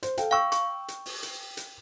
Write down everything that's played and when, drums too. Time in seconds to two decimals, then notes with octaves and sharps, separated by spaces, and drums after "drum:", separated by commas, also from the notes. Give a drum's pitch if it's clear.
0.03 C5, drum: hi-hat
0.17 A4 F5 G5, drum: hi-hat
0.31 F5 G5 C#6 E6
0.52 C#6, drum: hi-hat
0.88 drum: hi-hat
1.06 drum: open hi-hat
1.23 drum: hi-hat
1.57 drum: hi-hat